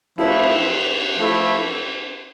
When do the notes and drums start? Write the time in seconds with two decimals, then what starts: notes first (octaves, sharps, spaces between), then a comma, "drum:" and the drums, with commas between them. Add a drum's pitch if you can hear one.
0.18 F3 A3 E4, drum: cymbal
1.18 F3 A3 E4